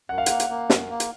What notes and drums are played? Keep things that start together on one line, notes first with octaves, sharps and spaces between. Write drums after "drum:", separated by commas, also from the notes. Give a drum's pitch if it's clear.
F#2 F#5
F5
A#3 F#5, drum: hi-hat
drum: hi-hat
A#3
F#2, drum: snare
A#3
drum: hi-hat